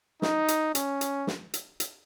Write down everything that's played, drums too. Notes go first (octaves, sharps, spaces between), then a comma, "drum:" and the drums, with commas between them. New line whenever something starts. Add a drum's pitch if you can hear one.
D#4, drum: snare
drum: hi-hat
C#4, drum: hi-hat
drum: hi-hat
drum: snare
drum: hi-hat
drum: hi-hat